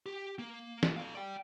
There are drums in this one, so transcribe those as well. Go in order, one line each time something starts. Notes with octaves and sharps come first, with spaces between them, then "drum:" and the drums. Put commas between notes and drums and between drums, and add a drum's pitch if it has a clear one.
G4
A#3
drum: snare
A4 F5
D5 G5